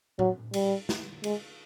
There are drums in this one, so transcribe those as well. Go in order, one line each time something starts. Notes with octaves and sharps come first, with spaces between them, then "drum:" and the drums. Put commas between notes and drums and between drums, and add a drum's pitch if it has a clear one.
F#3, drum: tom A2
G3, drum: cymbal
drum: snare
G#3, drum: cymbal